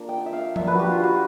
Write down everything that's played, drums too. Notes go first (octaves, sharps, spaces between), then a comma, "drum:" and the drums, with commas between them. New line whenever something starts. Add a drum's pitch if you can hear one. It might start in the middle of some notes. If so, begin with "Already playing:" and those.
Already playing: A#3 D4 F4
G5
E5
F5
A#3 D4 F4 E5, drum: tom F3
B4
F#4 G4
F4 F#4
F#4